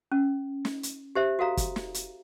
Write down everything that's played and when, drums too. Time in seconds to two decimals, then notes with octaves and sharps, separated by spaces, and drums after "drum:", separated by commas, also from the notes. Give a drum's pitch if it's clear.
0.12 C#4
0.65 drum: snare
0.83 drum: hi-hat
1.15 G4 C5 E5
1.39 F#4 A4 F5 A#5
1.57 drum: kick, hi-hat
1.76 drum: snare
1.94 drum: hi-hat